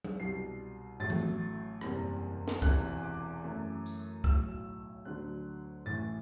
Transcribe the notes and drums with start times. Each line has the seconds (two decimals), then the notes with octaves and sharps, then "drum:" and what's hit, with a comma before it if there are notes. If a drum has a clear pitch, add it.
0.04 drum: tom F#3
0.20 C2 B2 G3 C7
1.00 A1 A2 F#3 A3 A6
1.10 drum: tom E3
1.81 F#1 E2 C3 G3, drum: rim click
2.48 drum: snare
2.62 E1 E2 C3 E3 F#6, drum: kick
3.03 D6
3.43 F#2 E3 A3
3.86 drum: tambourine
4.24 B1 A2 F#3 E6, drum: kick
5.05 D2 D3 F#3 F#6
5.86 A1 A2 E3 A6